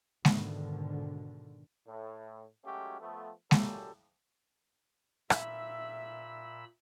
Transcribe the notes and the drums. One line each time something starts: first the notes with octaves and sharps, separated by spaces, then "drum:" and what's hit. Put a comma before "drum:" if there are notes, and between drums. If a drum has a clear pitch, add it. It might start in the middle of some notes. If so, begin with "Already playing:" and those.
G#2 B2 D3 D#3, drum: snare G#3
A2
F#3 G#3 A3 C#4 F#4 G4
F3 A3 B3
A#2 C#3 F#3 G#3 G4 A4, drum: snare G#3
A#2 E5 B5 E6, drum: rim click